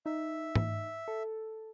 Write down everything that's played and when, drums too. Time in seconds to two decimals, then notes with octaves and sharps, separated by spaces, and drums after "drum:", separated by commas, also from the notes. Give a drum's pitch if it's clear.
0.06 D#4 E5
0.55 drum: tom G#2
1.08 A4